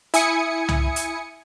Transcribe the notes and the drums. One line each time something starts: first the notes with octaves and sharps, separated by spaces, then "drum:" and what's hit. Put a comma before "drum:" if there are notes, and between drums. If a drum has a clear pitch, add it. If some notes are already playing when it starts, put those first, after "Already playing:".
E4 G#5 D#6 C#7, drum: hi-hat
drum: tom C2
drum: hi-hat